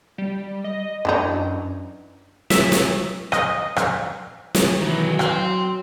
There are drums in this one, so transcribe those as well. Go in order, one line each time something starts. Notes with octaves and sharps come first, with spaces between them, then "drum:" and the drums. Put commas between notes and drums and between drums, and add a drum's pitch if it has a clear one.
G3
D#5
F#2 E3 D4 D#4
E5, drum: snare
drum: snare
D#5, drum: rim click
drum: rim click
drum: snare
D#3 E3 F#3
F#3 G5 C6, drum: rim click